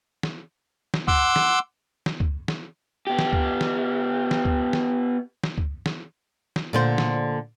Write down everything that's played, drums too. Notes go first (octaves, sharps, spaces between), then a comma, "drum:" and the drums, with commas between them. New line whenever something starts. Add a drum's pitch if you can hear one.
drum: snare
drum: snare
F#5 C6 D6 E6, drum: kick C#2
drum: snare
drum: snare
drum: kick C#2
drum: snare
B3 G4
drum: snare
drum: kick C#2
drum: snare
drum: snare
drum: kick C#2
drum: snare
drum: snare
drum: kick C#2
drum: snare
drum: snare
A#2 D3 C5
drum: snare